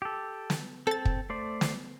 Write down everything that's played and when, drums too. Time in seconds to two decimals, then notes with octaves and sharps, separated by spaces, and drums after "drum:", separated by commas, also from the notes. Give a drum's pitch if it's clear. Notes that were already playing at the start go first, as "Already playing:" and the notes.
0.02 G4 A4
0.50 drum: snare
0.87 C4 A4 A5 A6
1.05 drum: kick
1.30 A3 C5 D5
1.61 drum: snare